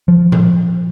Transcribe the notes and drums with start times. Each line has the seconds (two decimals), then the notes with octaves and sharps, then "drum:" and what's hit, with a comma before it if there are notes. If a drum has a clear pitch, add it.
0.08 F3
0.32 drum: tom A2